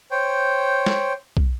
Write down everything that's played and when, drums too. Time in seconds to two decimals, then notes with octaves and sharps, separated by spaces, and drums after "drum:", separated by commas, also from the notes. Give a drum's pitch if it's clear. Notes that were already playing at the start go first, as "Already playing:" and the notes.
0.11 C5 C#5 G5
0.86 drum: snare
1.37 drum: kick